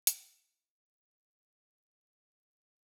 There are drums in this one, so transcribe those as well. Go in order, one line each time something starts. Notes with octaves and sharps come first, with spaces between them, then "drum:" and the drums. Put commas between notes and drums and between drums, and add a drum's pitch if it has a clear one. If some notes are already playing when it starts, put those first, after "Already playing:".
E3 G3 A3 E4 A#4 B4 D5, drum: hi-hat